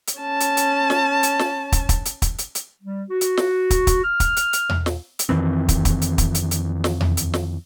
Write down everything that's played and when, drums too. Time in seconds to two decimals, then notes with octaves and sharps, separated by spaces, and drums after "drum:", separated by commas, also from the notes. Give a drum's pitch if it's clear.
0.07 drum: hi-hat
0.19 C#4 A5
0.40 drum: hi-hat
0.57 drum: hi-hat
0.90 drum: snare
1.23 drum: hi-hat
1.39 drum: snare
1.72 drum: kick, hi-hat
1.89 drum: kick, hi-hat
2.05 drum: hi-hat
2.22 drum: kick, hi-hat
2.38 drum: hi-hat
2.55 drum: hi-hat
2.82 G3
3.09 F#4
3.21 drum: hi-hat
3.37 drum: snare
3.70 drum: kick, hi-hat
3.87 drum: kick, hi-hat
4.03 F6
4.20 drum: kick, hi-hat
4.36 drum: hi-hat
4.53 drum: hi-hat
4.69 drum: tom E2
4.86 drum: snare
5.19 drum: hi-hat
5.29 F2 D#3 E3 C4
5.69 drum: kick, hi-hat
5.85 drum: kick, hi-hat
6.02 drum: hi-hat
6.18 drum: kick, hi-hat
6.35 drum: hi-hat
6.51 drum: hi-hat
6.84 drum: snare
7.01 drum: tom E2
7.17 drum: hi-hat
7.34 drum: snare